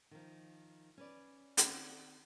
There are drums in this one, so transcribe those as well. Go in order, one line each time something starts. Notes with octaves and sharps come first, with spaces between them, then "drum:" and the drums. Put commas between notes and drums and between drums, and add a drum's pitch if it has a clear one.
D#3 F3
C#4 B4 D5
D#3 C4 D5 F#5, drum: hi-hat